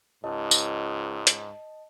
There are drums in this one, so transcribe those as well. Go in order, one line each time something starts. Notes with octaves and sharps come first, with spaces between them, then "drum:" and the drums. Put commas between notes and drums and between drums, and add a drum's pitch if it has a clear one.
C#2 G#2 D#5 A5
drum: tambourine
drum: hi-hat